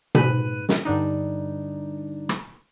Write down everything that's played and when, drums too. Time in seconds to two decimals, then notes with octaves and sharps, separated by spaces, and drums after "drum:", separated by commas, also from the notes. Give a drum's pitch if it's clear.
0.15 G#2 B4 F#6 D#7, drum: tom B2
0.69 drum: snare
0.85 G2 D3 D4 D#4
2.29 drum: rim click